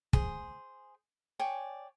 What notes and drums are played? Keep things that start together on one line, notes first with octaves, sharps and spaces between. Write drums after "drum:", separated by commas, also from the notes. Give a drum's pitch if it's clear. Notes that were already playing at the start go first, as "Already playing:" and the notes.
G#4 C5, drum: kick
C#5 D5 G5 G#5